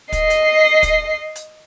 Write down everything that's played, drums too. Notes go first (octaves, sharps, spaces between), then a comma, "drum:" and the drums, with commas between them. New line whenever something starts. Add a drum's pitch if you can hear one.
D#5 C7, drum: kick, hi-hat
drum: hi-hat
drum: kick, hi-hat
drum: hi-hat